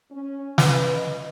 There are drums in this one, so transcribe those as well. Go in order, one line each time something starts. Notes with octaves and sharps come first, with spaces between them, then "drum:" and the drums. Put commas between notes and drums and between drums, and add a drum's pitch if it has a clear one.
C#4
B4, drum: snare
D#5